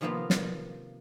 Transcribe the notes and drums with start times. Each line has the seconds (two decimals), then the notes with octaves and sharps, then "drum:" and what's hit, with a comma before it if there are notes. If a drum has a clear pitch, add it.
0.01 C3 D#3 F3 A#3 B3 F4
0.30 drum: snare